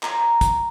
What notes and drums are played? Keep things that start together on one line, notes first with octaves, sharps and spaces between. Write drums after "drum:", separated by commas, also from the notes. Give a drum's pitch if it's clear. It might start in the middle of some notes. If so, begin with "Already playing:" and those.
A#5, drum: clap
drum: kick, hi-hat